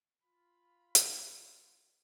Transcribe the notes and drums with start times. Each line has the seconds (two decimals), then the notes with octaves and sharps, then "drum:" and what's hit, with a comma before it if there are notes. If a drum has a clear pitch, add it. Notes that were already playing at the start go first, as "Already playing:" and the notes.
0.25 F4 B5
0.95 drum: hi-hat